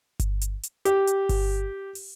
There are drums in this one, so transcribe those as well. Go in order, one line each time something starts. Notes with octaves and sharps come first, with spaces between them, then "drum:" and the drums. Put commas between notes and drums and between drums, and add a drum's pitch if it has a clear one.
drum: kick G1, hi-hat
drum: hi-hat
drum: hi-hat
G4, drum: hi-hat
drum: hi-hat
drum: kick G1, open hi-hat
drum: open hi-hat